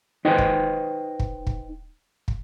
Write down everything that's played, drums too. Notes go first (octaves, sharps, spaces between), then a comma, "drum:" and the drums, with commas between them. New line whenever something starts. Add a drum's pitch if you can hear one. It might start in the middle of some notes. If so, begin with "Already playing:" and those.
D#4 B4 C5 D#5 G5
drum: kick
drum: kick
drum: kick
drum: kick